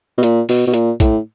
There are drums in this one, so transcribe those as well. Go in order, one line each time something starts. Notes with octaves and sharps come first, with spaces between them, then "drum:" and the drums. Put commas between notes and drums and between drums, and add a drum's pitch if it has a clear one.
B2
A#2, drum: hi-hat
B2, drum: open hi-hat
B2
A#2, drum: hi-hat
A2, drum: kick A#1, hi-hat